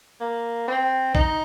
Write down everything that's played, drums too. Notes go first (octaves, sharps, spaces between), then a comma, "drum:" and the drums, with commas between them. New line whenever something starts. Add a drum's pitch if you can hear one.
A#3
C4
D#4, drum: kick